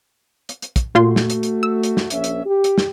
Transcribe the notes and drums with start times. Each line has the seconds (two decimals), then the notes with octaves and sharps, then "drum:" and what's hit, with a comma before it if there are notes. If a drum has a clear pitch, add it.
0.49 drum: hi-hat
0.62 drum: hi-hat
0.76 drum: kick, hi-hat
0.95 A#2 A3 F4 F#4 C6
1.16 drum: snare
1.30 drum: hi-hat
1.43 drum: hi-hat
1.63 E6
1.83 drum: hi-hat
1.97 drum: snare
2.10 A#1 C#4 E5, drum: hi-hat
2.24 drum: hi-hat
2.45 G4
2.64 drum: hi-hat
2.78 drum: snare